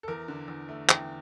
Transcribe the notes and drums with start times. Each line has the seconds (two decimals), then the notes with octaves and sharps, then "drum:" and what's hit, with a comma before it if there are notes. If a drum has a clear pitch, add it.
0.03 A4
0.08 E2 A#4
0.28 D3
0.48 E2
0.68 A3
0.89 E2 G5, drum: clap